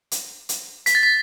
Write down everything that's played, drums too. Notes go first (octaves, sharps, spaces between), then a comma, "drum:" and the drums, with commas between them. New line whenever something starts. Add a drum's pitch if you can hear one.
drum: hi-hat
drum: hi-hat
B6, drum: hi-hat
A6
B6